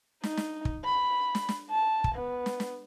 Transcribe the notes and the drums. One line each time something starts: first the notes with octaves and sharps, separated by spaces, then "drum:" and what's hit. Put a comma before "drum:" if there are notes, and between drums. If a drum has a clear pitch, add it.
D#4, drum: snare
drum: snare
drum: kick
B5
drum: snare
drum: snare
A5
drum: kick
B3
drum: snare
drum: snare